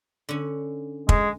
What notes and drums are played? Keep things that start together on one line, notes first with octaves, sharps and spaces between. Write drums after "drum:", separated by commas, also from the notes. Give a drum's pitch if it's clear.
D3 C#4
G#3, drum: kick